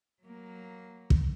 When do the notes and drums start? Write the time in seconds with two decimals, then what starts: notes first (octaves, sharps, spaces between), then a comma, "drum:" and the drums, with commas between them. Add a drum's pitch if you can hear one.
0.23 F#3 A#3
1.10 drum: kick